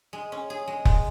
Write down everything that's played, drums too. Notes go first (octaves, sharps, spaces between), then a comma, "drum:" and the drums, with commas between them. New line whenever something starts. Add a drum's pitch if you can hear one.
G#3
C#4
G#4
G#3
G#3, drum: kick F1